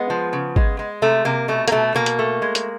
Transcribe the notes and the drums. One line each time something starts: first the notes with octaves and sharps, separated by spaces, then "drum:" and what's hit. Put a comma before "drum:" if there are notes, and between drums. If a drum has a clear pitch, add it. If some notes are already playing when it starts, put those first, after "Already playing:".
Already playing: G#3 B3
F3
C#3
G#3, drum: kick
G#3
C3 A3
C3 A#3
B2 A3
A#3, drum: hi-hat
B2 A3
B2 A#3
drum: hi-hat
A3
G#3
drum: hi-hat